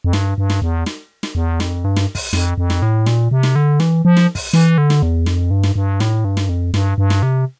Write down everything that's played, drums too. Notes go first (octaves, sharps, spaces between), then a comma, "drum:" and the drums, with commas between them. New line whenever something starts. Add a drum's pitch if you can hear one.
F2
G2, drum: snare
G2
drum: snare
E2
drum: snare
drum: snare
E2
F2, drum: snare
G2
drum: snare
drum: kick, open hi-hat
F2, drum: snare
F2
drum: snare
A2
A#2, drum: snare
C3
drum: snare
D3
E3, drum: snare
F3
drum: snare
drum: kick, open hi-hat
E3, drum: snare
D3
drum: snare
E2
F2, drum: snare
G2
drum: snare
G2
A2, drum: snare
G2
drum: snare
F2
G2, drum: snare
G2
drum: snare
C3